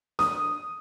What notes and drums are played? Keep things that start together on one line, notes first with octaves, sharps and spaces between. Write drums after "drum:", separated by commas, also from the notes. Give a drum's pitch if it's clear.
D#6, drum: snare D4